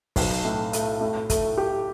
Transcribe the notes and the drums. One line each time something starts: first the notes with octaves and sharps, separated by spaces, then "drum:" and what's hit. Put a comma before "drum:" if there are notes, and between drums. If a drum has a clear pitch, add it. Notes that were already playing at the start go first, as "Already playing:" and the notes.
B1, drum: kick, open hi-hat
A2
A3, drum: hi-hat
A2
A3, drum: kick, hi-hat
G4